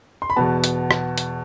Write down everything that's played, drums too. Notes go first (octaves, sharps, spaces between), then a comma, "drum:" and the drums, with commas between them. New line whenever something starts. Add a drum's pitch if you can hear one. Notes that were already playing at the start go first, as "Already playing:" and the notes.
C6
B5
E2 B2 B3 A5
drum: hi-hat
drum: rim click
drum: hi-hat